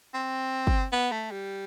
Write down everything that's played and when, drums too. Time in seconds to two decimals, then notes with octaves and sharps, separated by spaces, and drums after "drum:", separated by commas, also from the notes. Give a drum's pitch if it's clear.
0.14 C4
0.67 drum: kick
0.92 B3
1.11 A3
1.31 G3